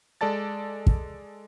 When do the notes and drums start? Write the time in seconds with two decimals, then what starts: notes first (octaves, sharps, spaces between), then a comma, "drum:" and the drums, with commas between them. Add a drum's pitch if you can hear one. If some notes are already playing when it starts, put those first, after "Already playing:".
0.21 G#3 A4 D5 A5 A6
0.87 drum: kick